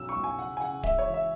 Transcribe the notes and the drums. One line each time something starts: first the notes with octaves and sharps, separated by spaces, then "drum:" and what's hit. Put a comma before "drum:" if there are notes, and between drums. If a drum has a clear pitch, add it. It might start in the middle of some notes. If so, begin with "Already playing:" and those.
Already playing: B1 C#4 E6
C#6
B1
G#5
C#3 F#5
G#5
C#3 F#5
G#3 E5, drum: kick D1
C#5
E3
E5